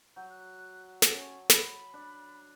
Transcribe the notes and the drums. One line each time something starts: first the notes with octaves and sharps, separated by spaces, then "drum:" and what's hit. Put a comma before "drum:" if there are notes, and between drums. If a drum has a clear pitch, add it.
F#3 G6
F#6
drum: snare
C#4 A5
B5, drum: snare
D4